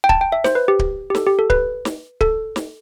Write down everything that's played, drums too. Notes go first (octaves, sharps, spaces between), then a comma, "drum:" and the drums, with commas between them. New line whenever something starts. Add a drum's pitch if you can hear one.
G5
A5, drum: kick D1
G5
E5
C5, drum: snare
B4
G4
drum: kick D1
G4
A4, drum: snare
G4
A4
B4, drum: kick D1
drum: snare
A4, drum: kick D1
drum: snare